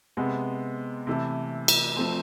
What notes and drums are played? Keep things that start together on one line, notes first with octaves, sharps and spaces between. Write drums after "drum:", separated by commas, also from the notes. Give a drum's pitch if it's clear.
C3 G#3 B3
C3 E3 A3 E4 A4
drum: cymbal
F3 A3 C4